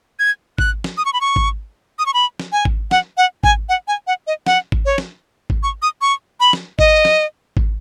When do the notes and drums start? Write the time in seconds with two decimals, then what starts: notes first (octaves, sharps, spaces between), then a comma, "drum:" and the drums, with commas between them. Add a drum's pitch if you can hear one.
0.19 G#6
0.58 F#6, drum: kick G#1
0.84 drum: snare
0.97 D#6
1.05 C#6
1.13 B5
1.21 C#6
1.36 drum: kick G#1
1.99 D#6
2.06 C#6
2.14 B5
2.39 drum: snare
2.52 G#5
2.65 drum: kick G#1
2.91 F#5, drum: snare
3.17 F#5
3.44 G#5, drum: kick G#1
3.69 F#5
3.88 G#5
4.07 F#5
4.27 D#5
4.46 F#5, drum: snare
4.72 drum: kick G#1
4.85 C#5
4.98 drum: snare
5.50 drum: kick G#1
5.63 C#6
5.82 D#6
6.01 C#6
6.40 B5
6.53 drum: snare
6.79 D#5, drum: kick G#1
7.05 drum: snare
7.57 drum: kick G#1